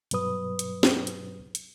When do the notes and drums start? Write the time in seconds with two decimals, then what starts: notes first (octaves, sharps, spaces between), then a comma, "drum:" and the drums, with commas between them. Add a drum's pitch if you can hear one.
0.11 G2 B2 F#3 B4 D#6, drum: hi-hat
0.59 drum: hi-hat
0.83 drum: snare
1.07 drum: hi-hat
1.55 drum: hi-hat